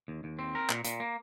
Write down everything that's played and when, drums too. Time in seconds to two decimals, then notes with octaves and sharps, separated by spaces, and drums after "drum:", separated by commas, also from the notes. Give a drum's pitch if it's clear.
0.08 D#2
0.24 D#2
0.39 C4
0.55 A#4
0.69 A#2, drum: clap
0.85 A#2, drum: hi-hat
1.00 A#3